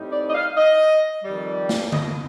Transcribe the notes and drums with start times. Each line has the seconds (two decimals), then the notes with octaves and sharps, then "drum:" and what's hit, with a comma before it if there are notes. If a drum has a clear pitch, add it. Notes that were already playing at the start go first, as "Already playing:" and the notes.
Already playing: A2 G3 C4 D#4
0.12 D5
0.30 D#5
0.35 F5
0.57 D#5
1.25 F2 D#3 G3
1.69 drum: snare
1.92 D#5, drum: tom D3